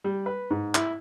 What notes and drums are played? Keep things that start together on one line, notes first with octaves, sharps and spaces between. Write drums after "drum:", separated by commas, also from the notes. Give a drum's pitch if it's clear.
G3
B4
G#2
E4, drum: clap